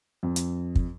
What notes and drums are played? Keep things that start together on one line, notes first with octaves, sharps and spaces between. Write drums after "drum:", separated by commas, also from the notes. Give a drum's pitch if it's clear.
F2
drum: hi-hat
drum: kick